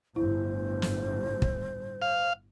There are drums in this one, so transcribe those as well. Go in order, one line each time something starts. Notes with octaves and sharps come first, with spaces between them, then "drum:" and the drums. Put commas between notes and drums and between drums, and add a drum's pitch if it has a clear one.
G1 A2 E4 C5
drum: snare
drum: kick
F5